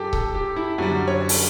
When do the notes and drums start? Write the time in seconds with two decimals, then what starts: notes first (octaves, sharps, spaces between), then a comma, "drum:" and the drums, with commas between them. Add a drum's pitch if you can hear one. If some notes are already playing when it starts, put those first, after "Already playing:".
Already playing: F#2 G4 A4
0.13 A4, drum: kick C#1
0.35 G4
0.56 E4
0.78 F#2 D3 G3 F#4
1.08 C#5
1.29 drum: open hi-hat